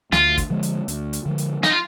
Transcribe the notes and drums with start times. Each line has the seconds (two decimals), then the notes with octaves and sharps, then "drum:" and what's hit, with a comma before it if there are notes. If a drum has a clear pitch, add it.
0.12 D2 F4, drum: snare
0.38 drum: kick, hi-hat
0.50 D3 F3 G#3
0.63 drum: hi-hat
0.88 D2, drum: hi-hat
1.13 drum: hi-hat
1.26 D3 F3 G#3
1.38 drum: hi-hat
1.63 D#4, drum: snare
1.70 F4